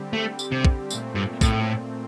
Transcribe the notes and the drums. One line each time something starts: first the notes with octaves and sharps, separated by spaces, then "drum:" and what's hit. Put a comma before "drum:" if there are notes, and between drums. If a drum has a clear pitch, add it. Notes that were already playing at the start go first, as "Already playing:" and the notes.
Already playing: D3 G3 C4 G4
A3
drum: tambourine
C3
drum: kick
A#2 A3 C4, drum: tambourine
G2
A2, drum: kick, tambourine